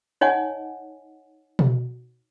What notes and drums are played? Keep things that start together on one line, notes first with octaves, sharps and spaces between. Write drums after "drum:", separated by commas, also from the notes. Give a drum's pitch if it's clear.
D#4 C#5 D#5 F#5 G#5
drum: tom B2